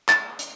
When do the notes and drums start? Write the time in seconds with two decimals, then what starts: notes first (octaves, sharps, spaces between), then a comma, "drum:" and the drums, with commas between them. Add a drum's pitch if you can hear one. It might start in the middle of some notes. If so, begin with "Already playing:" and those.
0.09 A6, drum: clap
0.39 drum: hi-hat